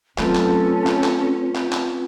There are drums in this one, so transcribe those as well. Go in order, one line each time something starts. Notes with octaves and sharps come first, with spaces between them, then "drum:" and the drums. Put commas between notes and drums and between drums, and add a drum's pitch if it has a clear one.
F#3 A3 C4 C#4 F4 A4 B4, drum: clap
drum: clap
drum: clap
drum: clap
drum: clap
drum: clap